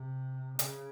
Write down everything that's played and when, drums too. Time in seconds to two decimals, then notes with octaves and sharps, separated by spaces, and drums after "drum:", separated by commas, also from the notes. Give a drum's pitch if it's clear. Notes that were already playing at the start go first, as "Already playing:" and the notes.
Already playing: C3
0.59 C#3, drum: hi-hat